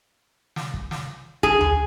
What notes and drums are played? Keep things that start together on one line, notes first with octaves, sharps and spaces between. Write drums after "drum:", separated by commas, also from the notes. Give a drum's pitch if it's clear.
drum: snare
drum: kick
drum: snare
G#4, drum: kick
drum: tom D2